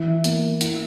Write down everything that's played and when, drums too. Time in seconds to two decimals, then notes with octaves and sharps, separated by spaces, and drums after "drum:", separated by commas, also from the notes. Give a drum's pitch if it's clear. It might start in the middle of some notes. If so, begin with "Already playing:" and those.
Already playing: E3
0.24 A#3, drum: hi-hat
0.61 E4, drum: hi-hat